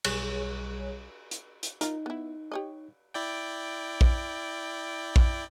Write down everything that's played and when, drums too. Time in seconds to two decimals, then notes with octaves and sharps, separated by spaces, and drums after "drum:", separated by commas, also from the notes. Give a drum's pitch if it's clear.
0.04 B1 G3 G#4 C#5 F#6, drum: cymbal
1.31 drum: hi-hat
1.63 drum: hi-hat
1.81 D#4 F4 A#4, drum: hi-hat
2.06 B3 E4
2.52 G4 C#5 D#5
3.14 E4 D5 G5
4.01 drum: kick
5.16 drum: kick